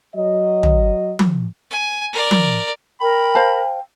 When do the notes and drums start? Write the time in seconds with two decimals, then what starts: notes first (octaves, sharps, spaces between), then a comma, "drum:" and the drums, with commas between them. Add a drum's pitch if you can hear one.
0.15 F#3 D#5
0.63 drum: tom
1.19 drum: tom F3
1.71 G#5
2.13 A#4 D5
2.31 drum: tom F3
3.01 A#4 G5 B5
3.35 C5 F5 A5